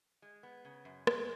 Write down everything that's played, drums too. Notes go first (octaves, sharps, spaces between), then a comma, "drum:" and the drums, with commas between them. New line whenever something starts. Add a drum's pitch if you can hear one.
G#3
B3
C#3
F#2
G#3, drum: rim click